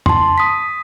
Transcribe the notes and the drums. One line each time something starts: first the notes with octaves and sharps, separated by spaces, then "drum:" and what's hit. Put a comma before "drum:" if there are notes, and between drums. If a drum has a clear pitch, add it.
A5 C6, drum: tom E2
D#6 B6